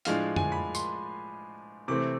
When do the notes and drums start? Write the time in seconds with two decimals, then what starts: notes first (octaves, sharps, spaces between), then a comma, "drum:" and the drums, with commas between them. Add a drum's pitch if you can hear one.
0.05 A2 F3 G#3 D4 F5, drum: hi-hat
0.36 G#5, drum: tom
0.52 B5
0.75 C6, drum: tambourine
1.88 C3 E3 A3 C4 D6